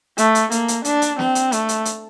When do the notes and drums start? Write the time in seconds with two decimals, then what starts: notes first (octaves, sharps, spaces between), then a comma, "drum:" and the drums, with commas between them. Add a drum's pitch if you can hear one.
0.18 A3, drum: hi-hat
0.35 drum: hi-hat
0.51 A#3, drum: hi-hat
0.68 drum: hi-hat
0.85 D4, drum: hi-hat
1.02 drum: hi-hat
1.19 C4, drum: snare
1.35 drum: hi-hat
1.52 A3, drum: hi-hat
1.69 drum: hi-hat
1.85 drum: hi-hat